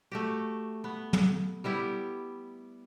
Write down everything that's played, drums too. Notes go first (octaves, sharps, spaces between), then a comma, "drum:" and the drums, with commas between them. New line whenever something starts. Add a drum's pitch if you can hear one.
A3 F#4 G4
B3
drum: tom
G3 B3 E4 G4